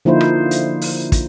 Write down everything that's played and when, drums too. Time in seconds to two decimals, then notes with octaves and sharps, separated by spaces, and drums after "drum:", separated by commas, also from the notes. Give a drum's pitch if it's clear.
0.05 D3 F3 A#3 D#4 E4 C5
0.21 drum: rim click
0.51 drum: hi-hat
0.82 drum: open hi-hat
1.12 drum: kick, hi-hat